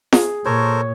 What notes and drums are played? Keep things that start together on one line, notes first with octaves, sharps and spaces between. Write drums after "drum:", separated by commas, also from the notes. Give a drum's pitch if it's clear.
G#4, drum: snare
A#2 A4 A#4 C5 C#5